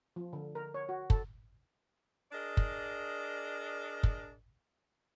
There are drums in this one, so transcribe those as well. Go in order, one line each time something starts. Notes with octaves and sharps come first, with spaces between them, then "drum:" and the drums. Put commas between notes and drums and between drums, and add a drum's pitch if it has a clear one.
F3
D3
A#4
C#5
F#4
A4, drum: kick
D4 G#4 A#4 D5 D#5
drum: kick
drum: kick